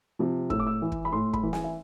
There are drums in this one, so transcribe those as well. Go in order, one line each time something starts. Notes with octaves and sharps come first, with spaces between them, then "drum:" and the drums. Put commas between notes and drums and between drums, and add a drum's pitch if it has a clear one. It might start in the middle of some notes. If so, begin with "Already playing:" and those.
C3 F3
A2 E6, drum: kick
D6
E6
E3
drum: kick
B5
A2 C6
B5, drum: kick
E3
G#5, drum: snare
E5